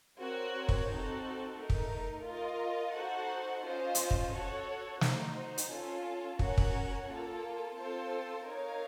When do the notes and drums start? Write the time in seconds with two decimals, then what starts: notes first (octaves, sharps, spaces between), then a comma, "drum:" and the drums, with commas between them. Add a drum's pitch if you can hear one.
0.18 C4 F#4 A#4 C#5
0.69 drum: kick
0.88 C4 D#4 F#4 A4
1.56 A3 D#4 A#4
1.70 drum: kick
2.26 F4 A#4 D#5
2.95 D#4 F#4 A4 C5 F#5
3.64 C#4 F4 C5 D#5
3.95 drum: hi-hat
4.11 drum: kick
4.32 F#4 A4 C#5
5.01 D#4 F#4 C5, drum: snare
5.58 drum: hi-hat
5.71 C#4 F4 A4
6.39 C#4 F#4 A#4 C#5 F#5, drum: kick
6.58 drum: kick
7.08 A#3 F4 A4
7.77 C4 F4 A4 C5
8.47 D#4 A#4 C#5 F5